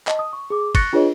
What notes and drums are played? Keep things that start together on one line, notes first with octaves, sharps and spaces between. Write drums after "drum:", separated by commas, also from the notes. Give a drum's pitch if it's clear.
D#5 A5, drum: clap
D#6
C#6
G#4 D6
C#6 F#6 A6 A#6 C#7, drum: kick, cymbal
D4 F4 G#4 B4 C#5 D#5